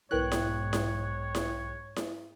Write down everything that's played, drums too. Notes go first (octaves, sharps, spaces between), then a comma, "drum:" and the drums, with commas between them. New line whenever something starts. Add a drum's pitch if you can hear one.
B1 G#2 E4 A#4 B4 C#5 G5 F#6
drum: snare E4
drum: snare E4
drum: snare E4
drum: snare E4